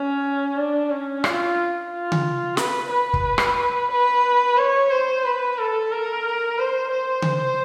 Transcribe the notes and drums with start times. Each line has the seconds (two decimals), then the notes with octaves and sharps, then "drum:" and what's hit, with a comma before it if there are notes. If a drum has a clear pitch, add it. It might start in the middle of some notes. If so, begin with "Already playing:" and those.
Already playing: C#4
0.56 D4
0.90 C#4
1.24 F4, drum: rim click
1.91 F4
2.12 drum: tom C#3
2.57 B4, drum: snare
2.90 B4
3.14 drum: kick
3.38 drum: rim click
3.91 B4
4.57 C#5
4.91 C5
5.24 B4
5.58 A4
5.91 A#4
6.58 C5
6.92 C5
7.22 drum: tom C#3